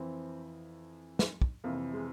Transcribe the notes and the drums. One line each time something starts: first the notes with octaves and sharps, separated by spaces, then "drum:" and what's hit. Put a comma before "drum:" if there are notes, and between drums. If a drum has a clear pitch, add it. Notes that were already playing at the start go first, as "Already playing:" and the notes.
Already playing: F2 E3 C4
drum: snare
drum: kick
F2 C3 E3 A#3
G#3